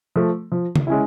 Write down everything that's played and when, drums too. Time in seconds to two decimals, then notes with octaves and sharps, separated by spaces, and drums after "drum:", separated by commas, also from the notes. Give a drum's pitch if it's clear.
0.16 F3 A3
0.52 F3
0.76 drum: tom C#3
0.87 G#3 C#4 E4